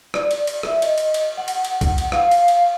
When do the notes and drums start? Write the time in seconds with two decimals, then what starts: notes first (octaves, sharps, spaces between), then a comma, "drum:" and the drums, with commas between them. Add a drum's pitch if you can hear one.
0.14 D5, drum: rim click
0.31 drum: cymbal
0.47 drum: cymbal
0.63 E5, drum: rim click
0.82 D#5, drum: cymbal
0.98 drum: cymbal
1.14 drum: cymbal
1.37 F#5
1.48 drum: cymbal
1.65 drum: cymbal
1.81 drum: kick, cymbal
1.98 drum: cymbal
2.12 F5, drum: rim click
2.31 drum: cymbal
2.48 drum: cymbal